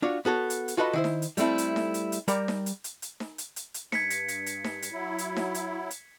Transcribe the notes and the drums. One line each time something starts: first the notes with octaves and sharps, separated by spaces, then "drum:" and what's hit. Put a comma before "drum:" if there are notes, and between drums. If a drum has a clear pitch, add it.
D4 F4 F#4 C#5
B3 F#4 A4 C#5
drum: hi-hat
drum: hi-hat
F4 F#4 A4 B4 D#5 B5
D#3 E4 C5
drum: snare D#4
drum: hi-hat
G3 A3 C4 E4 A4, drum: hi-hat
drum: hi-hat
drum: snare D#4
drum: hi-hat
drum: hi-hat
G3 G4 A#4 B5, drum: hi-hat
drum: snare D#4
drum: hi-hat
drum: hi-hat
drum: hi-hat
drum: snare D#4
drum: hi-hat
drum: hi-hat
drum: hi-hat
G2 G#6 B6 C#7, drum: snare D#4
drum: hi-hat
drum: hi-hat
drum: hi-hat
drum: snare D#4
drum: hi-hat
F#3 E4
drum: hi-hat
drum: snare D#4
drum: hi-hat
drum: hi-hat